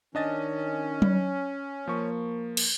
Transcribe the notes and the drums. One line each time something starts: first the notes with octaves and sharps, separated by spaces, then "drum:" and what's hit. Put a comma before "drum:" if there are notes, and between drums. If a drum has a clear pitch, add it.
D#3 C#4 D4 D#5 A6
drum: tom F#3
F3 A#3 C#6
drum: cymbal